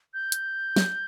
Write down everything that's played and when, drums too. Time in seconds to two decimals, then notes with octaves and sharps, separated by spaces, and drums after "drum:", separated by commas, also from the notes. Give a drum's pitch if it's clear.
0.14 G6
0.32 drum: hi-hat
0.76 drum: snare